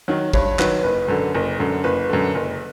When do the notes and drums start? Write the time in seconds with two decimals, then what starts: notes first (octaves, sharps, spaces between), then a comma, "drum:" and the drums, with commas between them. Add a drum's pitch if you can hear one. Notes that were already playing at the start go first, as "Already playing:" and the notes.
0.08 D#3 F#3
0.33 G2 C#5, drum: kick G#1
0.59 D#3 F#3 B4, drum: clap
0.83 F#1 B4
1.08 F#2 D3
1.35 F#1
1.59 F#2 D3
1.84 F#1 B4
2.09 F#2 D3
2.35 F#1